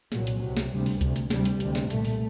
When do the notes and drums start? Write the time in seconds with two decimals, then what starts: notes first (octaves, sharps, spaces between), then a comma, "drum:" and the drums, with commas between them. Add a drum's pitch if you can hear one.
0.12 C2 A#2 F#3, drum: snare
0.27 drum: hi-hat
0.41 C2 C3 F#3
0.57 drum: snare
0.71 D2 C3 G3
0.86 drum: open hi-hat
1.01 D2 C3, drum: kick C#2, hi-hat
1.16 drum: hi-hat
1.30 D2 C3 G3, drum: snare
1.45 drum: hi-hat
1.60 D2 C3, drum: hi-hat
1.75 drum: snare
1.90 C2 A#2 A3, drum: hi-hat
2.05 drum: open hi-hat